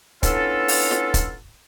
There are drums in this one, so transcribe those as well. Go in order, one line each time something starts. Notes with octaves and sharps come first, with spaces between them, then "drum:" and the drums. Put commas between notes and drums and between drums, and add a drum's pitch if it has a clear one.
B3 C#4 D4 E4 F4 A4, drum: kick, hi-hat
drum: open hi-hat
drum: snare
drum: kick, hi-hat